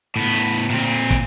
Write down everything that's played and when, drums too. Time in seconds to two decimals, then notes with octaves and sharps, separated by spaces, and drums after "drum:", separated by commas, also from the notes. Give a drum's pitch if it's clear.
0.16 A2 B3
0.35 drum: open hi-hat
0.70 A#2 C4, drum: hi-hat
1.11 drum: kick, hi-hat